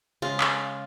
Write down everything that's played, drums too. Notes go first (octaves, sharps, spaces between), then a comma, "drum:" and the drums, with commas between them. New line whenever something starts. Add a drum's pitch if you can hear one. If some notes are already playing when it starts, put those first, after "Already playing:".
C#3 G#3 F4
drum: clap